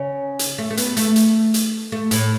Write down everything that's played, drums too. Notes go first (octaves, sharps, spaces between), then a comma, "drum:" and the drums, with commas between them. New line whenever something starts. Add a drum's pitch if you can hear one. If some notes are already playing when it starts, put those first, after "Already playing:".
Already playing: C#3
drum: hi-hat
A3
A3
B3, drum: hi-hat
A3, drum: hi-hat
drum: hi-hat
drum: hi-hat
A3
A2, drum: hi-hat